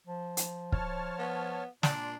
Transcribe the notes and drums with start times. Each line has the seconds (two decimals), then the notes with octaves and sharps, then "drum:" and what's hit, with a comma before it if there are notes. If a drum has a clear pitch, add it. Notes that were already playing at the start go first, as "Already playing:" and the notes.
0.07 F3
0.37 drum: hi-hat
0.72 C#5 A5 F6, drum: kick
1.19 B3
1.83 A#2 D4 D5 C6, drum: snare